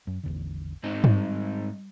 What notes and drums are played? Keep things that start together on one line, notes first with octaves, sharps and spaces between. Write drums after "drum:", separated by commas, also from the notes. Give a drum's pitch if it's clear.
F#2
A1 E2 D3
G#2 C4 D#4
G3, drum: tom